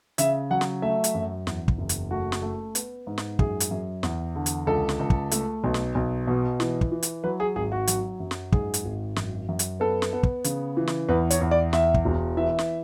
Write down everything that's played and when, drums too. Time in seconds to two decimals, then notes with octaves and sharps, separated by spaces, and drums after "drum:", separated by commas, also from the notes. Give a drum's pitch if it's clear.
0.18 C#3 E5, drum: hi-hat
0.50 F#3 F#5
0.61 drum: snare
0.82 A3 E5
1.04 drum: hi-hat
1.14 F#2
1.47 E2, drum: snare
1.68 drum: kick
1.78 F#1
1.89 drum: hi-hat
2.11 A3 F#4
2.32 drum: snare
2.42 A3
2.75 B3, drum: hi-hat
3.07 G#2
3.18 drum: snare
3.39 F#2 G#4, drum: kick
3.60 drum: hi-hat
3.71 F#2
4.03 E2, drum: snare
4.35 D3
4.46 drum: hi-hat
4.67 C#2 A4
4.89 drum: snare
4.99 C#2
5.10 drum: kick
5.31 A3, drum: hi-hat
5.64 B1
5.74 drum: snare
5.95 B1
6.27 B2
6.60 E3, drum: snare
6.81 drum: kick
6.92 E3
7.03 drum: hi-hat
7.24 F#3 B4
7.40 G#4
7.56 G#1 G#4
7.72 F#4
7.87 F#3, drum: hi-hat
8.20 F#2
8.31 drum: snare
8.52 G#2 G#4, drum: kick
8.74 drum: hi-hat
8.84 G#1
9.16 F#2, drum: snare
9.49 F#2
9.59 drum: hi-hat
9.80 B3 A4
10.02 drum: snare
10.13 B3
10.23 drum: kick
10.44 C#3, drum: hi-hat
10.77 E3
10.87 drum: snare
11.09 E2 B4
11.30 C#5, drum: hi-hat
11.41 E2
11.51 D5
11.73 E2 E5, drum: snare
11.94 drum: kick
12.05 E1
12.37 E3 E5
12.59 drum: snare